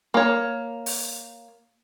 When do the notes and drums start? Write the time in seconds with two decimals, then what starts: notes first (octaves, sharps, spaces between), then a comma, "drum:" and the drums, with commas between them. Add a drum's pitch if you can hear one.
0.14 A#3 C#5
0.86 drum: open hi-hat